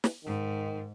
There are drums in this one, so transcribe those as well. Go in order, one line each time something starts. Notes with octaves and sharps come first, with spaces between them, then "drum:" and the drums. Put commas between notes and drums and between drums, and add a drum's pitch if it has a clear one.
drum: snare
G#2 D#3